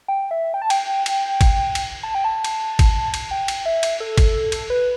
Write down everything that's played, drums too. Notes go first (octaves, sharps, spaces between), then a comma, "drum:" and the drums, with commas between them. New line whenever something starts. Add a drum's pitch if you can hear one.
G5
E5
G5
A5
G5, drum: cymbal
drum: cymbal
drum: kick, cymbal
drum: cymbal
A5
G5
A5
drum: cymbal
drum: kick, cymbal
drum: cymbal
G5
drum: cymbal
E5
drum: cymbal
A4
drum: kick, cymbal
drum: cymbal
B4